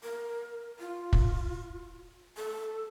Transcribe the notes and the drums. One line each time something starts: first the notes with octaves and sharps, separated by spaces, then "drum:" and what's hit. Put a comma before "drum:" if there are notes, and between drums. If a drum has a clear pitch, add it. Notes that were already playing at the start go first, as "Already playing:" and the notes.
A#4
F4
drum: kick
A4